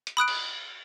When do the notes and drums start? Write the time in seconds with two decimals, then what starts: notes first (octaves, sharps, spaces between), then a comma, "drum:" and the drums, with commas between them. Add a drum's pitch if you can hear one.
0.07 drum: hi-hat
0.17 B5 D#6 F#6 D7
0.28 drum: cymbal